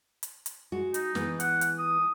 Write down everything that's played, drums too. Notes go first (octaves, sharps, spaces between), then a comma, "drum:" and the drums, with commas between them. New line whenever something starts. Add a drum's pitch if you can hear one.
drum: hi-hat
drum: hi-hat
G#3 F#4
D#4, drum: hi-hat
E3 G#3 B3, drum: snare
F#5, drum: hi-hat
drum: hi-hat
D#6